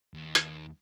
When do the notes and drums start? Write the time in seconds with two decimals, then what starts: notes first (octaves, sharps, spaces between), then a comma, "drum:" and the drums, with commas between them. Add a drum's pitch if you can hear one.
0.14 D#2
0.35 drum: hi-hat